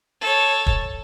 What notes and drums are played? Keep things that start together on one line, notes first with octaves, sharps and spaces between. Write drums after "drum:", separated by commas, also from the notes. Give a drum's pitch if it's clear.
A4 C#5
drum: kick